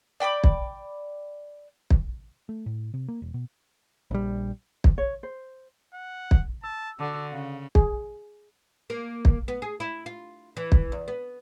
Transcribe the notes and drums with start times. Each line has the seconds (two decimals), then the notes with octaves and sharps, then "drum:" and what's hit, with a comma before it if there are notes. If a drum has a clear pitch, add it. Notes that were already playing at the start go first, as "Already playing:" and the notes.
0.20 D5 G5 B5 D6
0.44 drum: kick
1.90 drum: kick
2.49 A3
2.66 A2
2.94 C3
3.08 A#3
3.22 E1
3.34 B2
4.11 A#1 G3
4.84 drum: kick
4.98 C#5
5.23 C5
5.94 F#5
6.31 drum: kick
6.64 A5 E6
7.00 D3 F#4 A5 D6 E6
7.32 C#3 F5
7.75 G#4, drum: kick
8.90 A#3
9.25 drum: kick
9.48 B3
9.62 G#4
9.80 E4
10.06 F4
10.57 E3
10.72 drum: kick
10.92 E2
11.08 B3